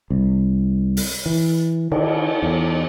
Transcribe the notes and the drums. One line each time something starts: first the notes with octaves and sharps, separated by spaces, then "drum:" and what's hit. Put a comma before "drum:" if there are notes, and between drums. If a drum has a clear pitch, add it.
C2
drum: open hi-hat
E3
D#3, drum: cymbal
E2